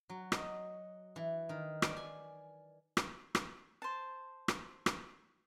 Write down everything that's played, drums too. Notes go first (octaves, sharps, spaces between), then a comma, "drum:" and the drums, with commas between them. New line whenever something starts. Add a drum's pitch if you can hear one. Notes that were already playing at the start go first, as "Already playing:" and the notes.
F#3
D#5, drum: rim click
E3
D#3
D5, drum: rim click
G#5
drum: rim click
drum: rim click
C5 A5
drum: rim click
drum: rim click